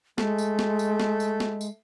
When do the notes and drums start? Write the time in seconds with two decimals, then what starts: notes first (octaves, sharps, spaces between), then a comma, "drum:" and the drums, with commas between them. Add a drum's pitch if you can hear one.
0.18 G#3 A3, drum: snare
0.38 drum: tambourine
0.59 drum: snare
0.79 drum: tambourine
1.00 drum: snare
1.20 drum: tambourine
1.40 drum: snare
1.61 drum: tambourine